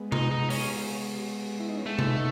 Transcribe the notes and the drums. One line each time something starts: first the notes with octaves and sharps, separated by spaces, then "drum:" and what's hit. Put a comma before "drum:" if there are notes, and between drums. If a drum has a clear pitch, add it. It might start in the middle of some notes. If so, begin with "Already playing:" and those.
Already playing: G#3 B3
D#4, drum: tom C3
D#4
C#4, drum: open hi-hat
E4
D#4
C#4
G#3 A3 B3
drum: tom C3
B3 D#4